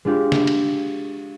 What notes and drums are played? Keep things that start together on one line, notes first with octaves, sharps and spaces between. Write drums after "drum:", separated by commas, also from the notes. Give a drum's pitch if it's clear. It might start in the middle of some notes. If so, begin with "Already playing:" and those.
G#3 D4 F4 G4 D5
drum: snare
drum: cymbal